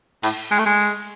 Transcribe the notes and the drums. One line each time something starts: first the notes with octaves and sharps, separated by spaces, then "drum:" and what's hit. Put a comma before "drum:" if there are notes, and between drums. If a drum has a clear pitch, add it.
A2, drum: cymbal
G#3
A3
G#3